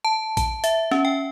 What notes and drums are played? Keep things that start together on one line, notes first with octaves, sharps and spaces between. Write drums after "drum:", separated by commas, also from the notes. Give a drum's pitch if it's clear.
A5
A5, drum: kick A#1, hi-hat
E5, drum: hi-hat
C#4, drum: snare
G5